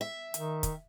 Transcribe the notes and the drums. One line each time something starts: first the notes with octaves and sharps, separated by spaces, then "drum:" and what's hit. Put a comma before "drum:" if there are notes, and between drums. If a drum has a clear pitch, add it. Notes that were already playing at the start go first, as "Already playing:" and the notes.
E5
D#3, drum: hi-hat
drum: kick, hi-hat